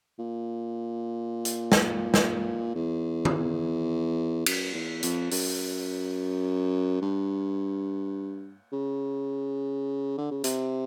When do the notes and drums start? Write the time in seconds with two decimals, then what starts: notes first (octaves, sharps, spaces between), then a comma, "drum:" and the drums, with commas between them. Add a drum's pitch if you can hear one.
0.19 A#2
1.45 drum: hi-hat
1.72 drum: snare
2.14 drum: snare
2.75 E2
3.25 drum: tom D#3
4.46 F#2, drum: cymbal
4.74 E2
5.03 F2, drum: hi-hat
5.31 F#2, drum: open hi-hat
7.02 G2
8.72 C#3
10.18 D3
10.31 C#3
10.44 C3, drum: hi-hat